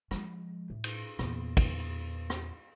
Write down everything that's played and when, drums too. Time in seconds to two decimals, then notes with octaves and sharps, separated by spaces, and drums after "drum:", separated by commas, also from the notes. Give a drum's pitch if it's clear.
0.11 F3 G#3, drum: rim click
0.70 A2
0.84 drum: cymbal
1.19 E2 A#2, drum: rim click
1.57 drum: kick, cymbal
2.30 drum: rim click